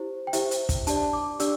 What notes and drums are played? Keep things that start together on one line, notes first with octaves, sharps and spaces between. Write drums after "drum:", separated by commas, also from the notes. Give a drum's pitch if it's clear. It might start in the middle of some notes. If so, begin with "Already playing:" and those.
Already playing: E4 G4 C5
G5
E4 G4 C5 E5, drum: hi-hat
drum: hi-hat
drum: kick, hi-hat
D4 G4 D5 A5, drum: hi-hat
D6
D4 G4 D5 E6, drum: hi-hat